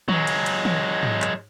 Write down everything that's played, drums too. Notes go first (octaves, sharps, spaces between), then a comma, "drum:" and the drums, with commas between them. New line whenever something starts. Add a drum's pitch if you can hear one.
F#3 G#3, drum: tom D#3
drum: cymbal
drum: cymbal
drum: tom D#3
drum: tom G#2
drum: clap